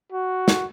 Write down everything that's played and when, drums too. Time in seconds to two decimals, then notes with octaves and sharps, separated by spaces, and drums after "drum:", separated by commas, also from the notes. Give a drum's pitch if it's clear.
0.12 F#4
0.48 drum: snare